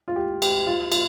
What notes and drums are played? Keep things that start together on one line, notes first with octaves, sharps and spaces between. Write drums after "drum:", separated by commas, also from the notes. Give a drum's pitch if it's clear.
F4
G4
G4, drum: cymbal
F4
F4, drum: cymbal